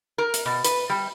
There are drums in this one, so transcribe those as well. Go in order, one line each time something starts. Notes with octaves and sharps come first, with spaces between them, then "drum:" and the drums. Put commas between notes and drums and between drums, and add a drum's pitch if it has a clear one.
A#4
drum: hi-hat
B2
B4, drum: hi-hat
G3